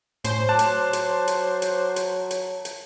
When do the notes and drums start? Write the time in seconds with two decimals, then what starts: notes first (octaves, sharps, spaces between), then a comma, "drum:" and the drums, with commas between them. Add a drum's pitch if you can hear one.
0.24 A2 C#4 C5, drum: hi-hat
0.49 F#3 A5 C6 D6 F#6
0.59 drum: hi-hat
0.93 drum: hi-hat
1.28 drum: hi-hat
1.62 drum: hi-hat
1.96 drum: hi-hat
2.31 drum: hi-hat
2.65 drum: hi-hat